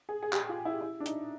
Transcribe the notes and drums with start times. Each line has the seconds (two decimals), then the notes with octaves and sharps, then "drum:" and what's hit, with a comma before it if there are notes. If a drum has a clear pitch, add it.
0.09 G#4
0.23 G#4
0.33 G4, drum: clap
0.49 F4
0.65 E4
0.81 E4
1.00 D4
1.06 D#4, drum: hi-hat